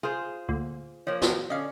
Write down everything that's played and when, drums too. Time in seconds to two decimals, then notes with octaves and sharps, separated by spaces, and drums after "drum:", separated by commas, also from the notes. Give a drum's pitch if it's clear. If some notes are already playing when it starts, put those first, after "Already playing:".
0.03 F4 G#4 C5
0.49 D2 A#2
1.07 F3 A#3 C#5
1.22 drum: snare
1.50 D3 C#4 D#5 F5